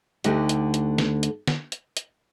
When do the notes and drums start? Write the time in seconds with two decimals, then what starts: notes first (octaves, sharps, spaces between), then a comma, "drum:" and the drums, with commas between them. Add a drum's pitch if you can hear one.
0.24 D2 D3 A3 D#4 G4, drum: hi-hat
0.49 drum: hi-hat
0.74 drum: hi-hat
0.98 drum: snare
1.23 drum: hi-hat
1.48 drum: snare
1.72 drum: hi-hat
1.97 drum: hi-hat